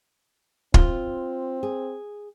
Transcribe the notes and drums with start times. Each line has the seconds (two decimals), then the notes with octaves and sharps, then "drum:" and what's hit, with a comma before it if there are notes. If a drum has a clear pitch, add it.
0.74 C4 F4, drum: kick
1.63 G#4